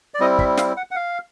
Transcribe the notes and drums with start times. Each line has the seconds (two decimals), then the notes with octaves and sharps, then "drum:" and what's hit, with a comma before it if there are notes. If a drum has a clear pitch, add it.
0.14 D5
0.19 G3 C4 E4 D#5
0.39 E5, drum: kick
0.57 F5, drum: snare
0.77 F#5
0.91 F#5
0.96 F5